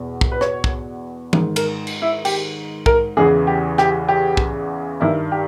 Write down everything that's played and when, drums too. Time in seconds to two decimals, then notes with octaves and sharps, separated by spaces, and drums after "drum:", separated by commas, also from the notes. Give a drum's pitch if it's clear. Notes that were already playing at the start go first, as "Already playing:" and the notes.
Already playing: E2 B2
0.21 drum: kick
0.32 B4
0.41 C#5, drum: rim click
0.64 drum: kick
1.33 G#2 D#3, drum: tom
1.56 A#4, drum: cymbal
1.87 drum: cymbal
2.02 E4
2.25 G4, drum: cymbal
2.86 A#4, drum: kick
3.17 E2 C#3 E3 G#4
3.47 G4
3.78 G4, drum: rim click
4.08 G4
4.37 drum: kick
5.00 G2 D#3 E4
5.32 G4